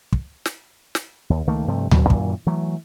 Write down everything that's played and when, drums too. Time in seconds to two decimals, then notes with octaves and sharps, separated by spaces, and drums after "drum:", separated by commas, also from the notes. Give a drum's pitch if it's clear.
0.13 drum: kick
0.46 drum: snare
0.95 drum: snare
1.30 D#2
1.47 C#2 D#3 A3 A#3
1.68 G2 C3 F3 A3
1.91 G#1 D2 A#2 F#3, drum: tom D2
2.10 F#2 A#2 D#3 E3, drum: kick
2.46 E3 F#3 A3